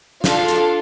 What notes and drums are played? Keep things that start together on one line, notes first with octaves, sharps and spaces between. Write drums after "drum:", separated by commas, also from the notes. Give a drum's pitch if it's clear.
D4 F4 A4 F5, drum: snare
drum: hi-hat